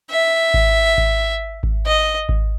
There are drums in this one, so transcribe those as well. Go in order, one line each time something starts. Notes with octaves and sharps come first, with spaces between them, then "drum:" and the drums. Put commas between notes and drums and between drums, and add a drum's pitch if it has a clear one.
E5
drum: kick G#1
drum: kick G#1
drum: kick G#1
D#5
drum: kick G#1